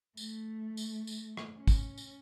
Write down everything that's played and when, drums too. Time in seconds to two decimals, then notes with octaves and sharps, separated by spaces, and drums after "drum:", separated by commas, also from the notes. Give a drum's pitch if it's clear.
0.17 A3, drum: tambourine
0.77 drum: tambourine
1.07 drum: tambourine
1.37 drum: rim click
1.57 C#4
1.67 drum: kick, tambourine
1.98 drum: tambourine